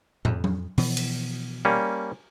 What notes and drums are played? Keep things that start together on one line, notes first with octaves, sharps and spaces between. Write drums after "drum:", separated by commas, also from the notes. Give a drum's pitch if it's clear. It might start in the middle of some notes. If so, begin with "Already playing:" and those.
F2, drum: tom
drum: tom F#3
B2 E3 F3, drum: open hi-hat
drum: cymbal
G3 A#3 C#4